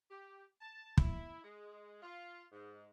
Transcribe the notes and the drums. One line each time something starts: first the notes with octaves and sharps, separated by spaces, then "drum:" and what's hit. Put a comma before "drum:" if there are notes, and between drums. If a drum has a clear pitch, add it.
G4
A5
E4, drum: kick
G#3
F4
G#2